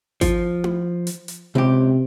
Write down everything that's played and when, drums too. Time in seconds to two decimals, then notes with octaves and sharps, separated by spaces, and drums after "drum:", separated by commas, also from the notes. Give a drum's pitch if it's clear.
0.21 F3, drum: kick G#1, hi-hat
0.64 drum: tom E4
1.07 drum: hi-hat
1.28 drum: hi-hat
1.55 C#2 C3 G4